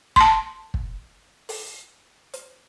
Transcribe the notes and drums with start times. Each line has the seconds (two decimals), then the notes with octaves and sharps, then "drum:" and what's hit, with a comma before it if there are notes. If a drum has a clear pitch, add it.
0.16 A5 C6, drum: kick
0.74 drum: kick
1.49 drum: open hi-hat
2.34 drum: hi-hat